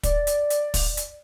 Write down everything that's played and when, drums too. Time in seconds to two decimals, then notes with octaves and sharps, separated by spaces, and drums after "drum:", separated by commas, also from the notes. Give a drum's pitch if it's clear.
0.03 D5, drum: kick, hi-hat
0.27 drum: hi-hat
0.50 drum: hi-hat
0.74 drum: kick, open hi-hat
0.97 drum: hi-hat